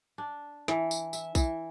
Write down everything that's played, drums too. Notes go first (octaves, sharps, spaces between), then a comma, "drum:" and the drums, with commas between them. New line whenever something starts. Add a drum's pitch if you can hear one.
D4
E3, drum: snare
drum: tambourine
E5, drum: tambourine
E3, drum: kick B1, tambourine